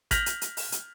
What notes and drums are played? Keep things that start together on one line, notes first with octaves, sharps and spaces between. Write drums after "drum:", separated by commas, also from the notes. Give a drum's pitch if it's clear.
F6 G6 A#6 B6 F7 F#7, drum: kick G#1, hi-hat
drum: hi-hat
drum: hi-hat
drum: open hi-hat
drum: hi-hat